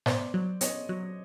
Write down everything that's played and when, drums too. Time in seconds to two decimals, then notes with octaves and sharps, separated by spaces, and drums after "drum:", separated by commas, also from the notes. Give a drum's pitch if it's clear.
0.06 B3 C5 D5, drum: snare G#2
0.34 F#3
0.61 B3 C#5 D#5, drum: hi-hat
0.89 F#3